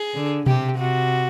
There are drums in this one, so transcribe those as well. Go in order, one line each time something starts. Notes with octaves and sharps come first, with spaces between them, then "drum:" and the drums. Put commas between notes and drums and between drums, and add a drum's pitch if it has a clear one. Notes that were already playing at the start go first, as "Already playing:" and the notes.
Already playing: G#4
D3
C3 G4, drum: tom B2
C3 F#4